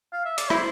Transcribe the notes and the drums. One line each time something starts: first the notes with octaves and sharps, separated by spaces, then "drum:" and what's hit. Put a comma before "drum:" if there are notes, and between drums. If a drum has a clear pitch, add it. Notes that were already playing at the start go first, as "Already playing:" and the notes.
F5
E5
D5, drum: hi-hat
E4 C5, drum: rim click